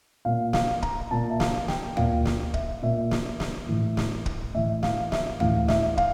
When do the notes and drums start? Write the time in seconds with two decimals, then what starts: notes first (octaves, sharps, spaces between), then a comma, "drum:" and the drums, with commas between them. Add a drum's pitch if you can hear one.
0.25 A#2 F5
0.53 F5, drum: snare
0.83 A#5, drum: kick
1.11 A#2 A5
1.30 E5
1.40 F5, drum: snare
1.68 G5, drum: snare
1.97 A#2 F5, drum: tom D2
2.25 drum: snare
2.54 E5, drum: kick
2.82 A#2 E5
3.11 drum: snare
3.40 drum: snare
3.69 A2 E3
3.97 drum: snare
4.26 drum: kick
4.55 A2 E3 E5
4.83 F5, drum: snare
5.12 E5, drum: snare
5.40 A2 E3 F5, drum: tom D2
5.68 E5, drum: snare
5.97 F5, drum: kick